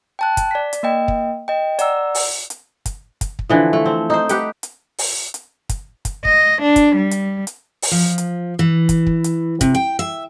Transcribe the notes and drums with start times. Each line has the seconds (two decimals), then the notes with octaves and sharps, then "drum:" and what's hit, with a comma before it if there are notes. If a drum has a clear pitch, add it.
0.19 G5 A5 F#6
0.37 drum: kick, hi-hat
0.51 D5 B6
0.73 drum: hi-hat
0.83 A#3 D#5 G5
1.08 drum: kick
1.48 D#5 G5
1.79 D5 F#5 A#5 E6, drum: hi-hat
2.15 drum: open hi-hat
2.50 drum: hi-hat
2.86 drum: kick, hi-hat
3.21 drum: kick, hi-hat
3.39 drum: kick
3.49 D3 E3 F3
3.73 A3
3.86 C4
4.10 D#4 C5
4.29 G4 B4 F#5 G5, drum: hi-hat
4.63 drum: hi-hat
4.98 drum: open hi-hat
5.34 drum: hi-hat
5.69 drum: kick, hi-hat
6.05 drum: kick, hi-hat
6.25 D#5, drum: kick
6.62 D4
6.76 drum: kick, hi-hat
6.96 G3
7.11 drum: hi-hat
7.47 drum: hi-hat
7.82 drum: open hi-hat
7.91 F3
8.18 drum: hi-hat
8.59 E3
8.89 drum: kick, hi-hat
9.07 drum: kick
9.24 drum: hi-hat
9.61 C3, drum: kick, hi-hat
9.75 G5
9.99 E5